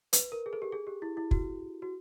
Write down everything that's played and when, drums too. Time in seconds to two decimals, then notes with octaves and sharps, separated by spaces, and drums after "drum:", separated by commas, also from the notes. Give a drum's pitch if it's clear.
0.13 B4, drum: hi-hat
0.32 A#4
0.46 G#4
0.53 A4
0.62 G4
0.72 G#4
0.87 G4
1.02 E4
1.17 E4
1.31 F#4, drum: kick
1.82 F#4